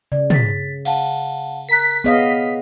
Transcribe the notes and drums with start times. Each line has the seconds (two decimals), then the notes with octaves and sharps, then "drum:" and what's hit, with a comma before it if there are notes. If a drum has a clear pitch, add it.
0.12 C#3 D5
0.30 A6 B6, drum: tom
0.85 F5 F#5 A5, drum: cymbal
1.69 A#4 A#5 F#6 B6
2.04 B3 G#4 C#5 D#5 F5